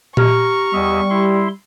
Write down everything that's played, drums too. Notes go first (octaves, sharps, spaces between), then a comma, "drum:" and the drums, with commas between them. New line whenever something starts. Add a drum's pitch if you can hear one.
G4 A#5 C#6 F6, drum: tom A#2
E2 G3 D#5 E5
E4 C6